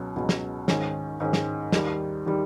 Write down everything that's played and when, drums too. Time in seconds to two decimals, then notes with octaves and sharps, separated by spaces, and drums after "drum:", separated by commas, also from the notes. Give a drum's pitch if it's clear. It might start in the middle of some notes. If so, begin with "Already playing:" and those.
Already playing: C#2 B2 F#3
0.16 C#2 B2 F#3
0.29 drum: snare
0.68 G#2 D#3 G#3 C#4, drum: snare
1.20 G#2 D#3 G#3 C#4
1.33 drum: snare
1.72 D#2 D#3 G3, drum: snare
2.26 D#3 G3